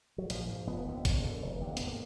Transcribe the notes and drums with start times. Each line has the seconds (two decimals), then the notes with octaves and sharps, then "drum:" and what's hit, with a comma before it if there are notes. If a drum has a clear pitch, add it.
0.18 F#3
0.30 A#1 F3, drum: hi-hat
0.49 G#2
0.67 F1 B3
0.86 D#2 D3
1.05 F#1, drum: kick G#1, hi-hat
1.23 F#2 D3
1.42 F1
1.61 D#2 D3
1.77 G#1 B3, drum: hi-hat
1.87 A#3